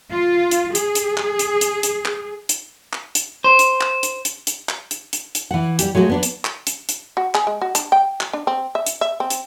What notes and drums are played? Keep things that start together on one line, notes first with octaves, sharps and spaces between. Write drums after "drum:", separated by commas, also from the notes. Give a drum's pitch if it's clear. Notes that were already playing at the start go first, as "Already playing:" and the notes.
F4
drum: hi-hat
G#4, drum: hi-hat
drum: hi-hat
drum: clap
drum: hi-hat
drum: hi-hat
drum: hi-hat
drum: clap
drum: hi-hat
drum: clap
drum: hi-hat
C5
drum: hi-hat
drum: clap
drum: hi-hat
drum: hi-hat
drum: hi-hat
drum: clap
drum: hi-hat
drum: hi-hat
drum: hi-hat
E3 F#5
G3 G4, drum: hi-hat
F#3 G#3 A3 F#4
B3 D4 D5
drum: hi-hat
drum: clap
drum: hi-hat
drum: hi-hat
F#4
G#4, drum: clap
G#3
F#4
D4, drum: hi-hat
G5
drum: clap
D4
C4
E5
drum: hi-hat
E5
C4
drum: hi-hat